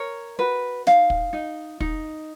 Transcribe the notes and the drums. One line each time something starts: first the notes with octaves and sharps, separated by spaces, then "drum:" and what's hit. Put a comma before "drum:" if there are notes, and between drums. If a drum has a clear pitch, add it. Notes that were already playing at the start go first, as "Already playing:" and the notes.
Already playing: A#4 C#5
F#4 B4
D#4 F5, drum: snare
drum: kick
D#4
D#4, drum: kick